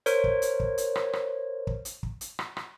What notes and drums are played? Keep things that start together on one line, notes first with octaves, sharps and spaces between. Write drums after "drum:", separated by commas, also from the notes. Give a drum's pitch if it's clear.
A#4 C5 C#5, drum: hi-hat
drum: kick
drum: hi-hat
drum: kick
drum: hi-hat
drum: rim click
drum: rim click
drum: kick
drum: hi-hat
drum: kick
drum: hi-hat
drum: rim click
drum: rim click